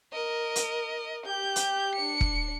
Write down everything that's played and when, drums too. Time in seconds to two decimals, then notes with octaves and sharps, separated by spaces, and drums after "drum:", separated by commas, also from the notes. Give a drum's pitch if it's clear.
0.13 A#4 D#5
0.56 drum: hi-hat
1.26 G4 G6
1.56 drum: hi-hat
1.95 D4 C#7
2.21 drum: kick E1